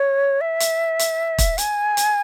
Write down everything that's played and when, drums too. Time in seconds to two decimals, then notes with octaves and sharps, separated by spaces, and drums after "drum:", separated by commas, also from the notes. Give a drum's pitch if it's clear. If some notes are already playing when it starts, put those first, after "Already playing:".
Already playing: C#5
0.41 E5
0.60 drum: hi-hat
0.99 drum: hi-hat
1.38 drum: kick, hi-hat
1.58 G#5, drum: hi-hat
1.97 drum: hi-hat